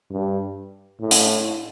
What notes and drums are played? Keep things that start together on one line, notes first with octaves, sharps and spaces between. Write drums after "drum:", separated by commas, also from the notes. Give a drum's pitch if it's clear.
G2
A2
drum: hi-hat